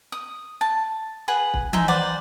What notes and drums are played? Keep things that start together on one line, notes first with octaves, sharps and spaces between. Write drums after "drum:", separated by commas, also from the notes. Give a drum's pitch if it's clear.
D#6
A5
G#4 B4 F#5 G#5
drum: kick
D#4 C5 E5 G#5, drum: tom E3
B4 C5 D5 F#5